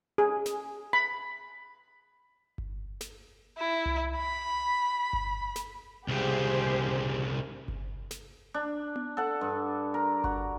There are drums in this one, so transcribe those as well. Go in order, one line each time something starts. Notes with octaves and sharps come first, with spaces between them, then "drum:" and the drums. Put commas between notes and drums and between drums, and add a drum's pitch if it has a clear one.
G#4
drum: snare
B5
drum: kick G1
drum: snare
E4
drum: tom C2
B5
drum: kick G1
drum: snare
C2 C#3 G4 G#4 C5
drum: kick G1
drum: snare
D4
drum: tom B3
A4 F#5
G2
A#4
F#4, drum: kick G1